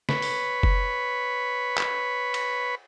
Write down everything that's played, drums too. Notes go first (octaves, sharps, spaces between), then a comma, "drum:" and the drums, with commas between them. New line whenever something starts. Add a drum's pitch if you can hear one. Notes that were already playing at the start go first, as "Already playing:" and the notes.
B4 C#5 B5, drum: snare
drum: open hi-hat
drum: kick F#1
drum: clap
drum: cymbal